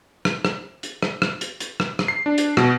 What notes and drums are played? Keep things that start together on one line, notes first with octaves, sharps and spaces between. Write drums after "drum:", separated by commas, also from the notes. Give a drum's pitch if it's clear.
drum: rim click
drum: rim click
drum: hi-hat
drum: rim click
drum: rim click
drum: hi-hat
drum: hi-hat
drum: rim click
drum: rim click
C7
D4
drum: hi-hat
B2, drum: rim click